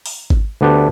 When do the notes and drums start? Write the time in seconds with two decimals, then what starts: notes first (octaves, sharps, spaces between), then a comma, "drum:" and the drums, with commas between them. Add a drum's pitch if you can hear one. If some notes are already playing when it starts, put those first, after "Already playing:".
0.06 drum: open hi-hat
0.30 drum: kick G#1
0.61 D2 D3 B3 D4 G4